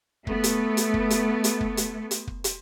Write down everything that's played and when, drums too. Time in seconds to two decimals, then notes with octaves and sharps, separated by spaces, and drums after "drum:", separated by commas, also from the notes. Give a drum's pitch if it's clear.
0.27 A3 B3, drum: kick
0.44 drum: hi-hat
0.77 drum: hi-hat
0.94 drum: kick
1.10 drum: hi-hat
1.44 drum: hi-hat
1.61 drum: kick
1.77 drum: hi-hat
2.11 drum: hi-hat
2.27 drum: kick
2.44 drum: hi-hat